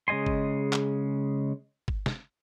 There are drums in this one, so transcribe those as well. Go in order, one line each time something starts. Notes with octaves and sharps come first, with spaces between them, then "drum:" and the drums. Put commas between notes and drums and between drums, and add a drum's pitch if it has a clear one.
C#3 G#3 D#5 G#5 C6
drum: kick G1
drum: clap
drum: kick G1
drum: snare